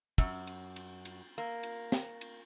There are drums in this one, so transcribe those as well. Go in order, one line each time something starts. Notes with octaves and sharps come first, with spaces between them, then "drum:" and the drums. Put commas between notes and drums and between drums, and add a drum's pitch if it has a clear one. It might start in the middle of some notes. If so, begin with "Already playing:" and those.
F#2, drum: kick, cymbal
drum: cymbal
drum: cymbal
drum: cymbal
A#3
drum: cymbal
drum: snare
drum: cymbal